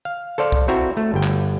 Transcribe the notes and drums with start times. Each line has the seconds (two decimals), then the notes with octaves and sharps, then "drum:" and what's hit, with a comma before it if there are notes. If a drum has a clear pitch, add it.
0.05 F5
0.38 A4 C5 D5 F5
0.52 drum: kick C2
0.68 C4 E4 F#4 E5 A#5
0.97 A3
1.14 G1 G5
1.23 drum: clap